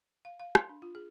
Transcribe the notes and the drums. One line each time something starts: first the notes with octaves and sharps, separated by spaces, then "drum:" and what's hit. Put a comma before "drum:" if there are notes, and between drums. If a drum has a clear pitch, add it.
F5
F5
C6, drum: rim click
D4
F4
G#4